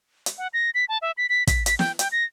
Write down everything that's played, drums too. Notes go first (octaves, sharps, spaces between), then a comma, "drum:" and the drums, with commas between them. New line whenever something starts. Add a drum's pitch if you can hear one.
drum: hi-hat
F#5
A#6
B6
A5
E5
B6
B6
B6, drum: kick, hi-hat
B6, drum: hi-hat
G5, drum: snare
G5, drum: hi-hat
A#6